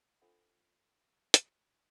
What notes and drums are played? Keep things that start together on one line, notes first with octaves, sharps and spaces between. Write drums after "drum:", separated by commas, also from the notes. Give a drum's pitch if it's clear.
D4 F4 A4 C5 E5 F#5
drum: hi-hat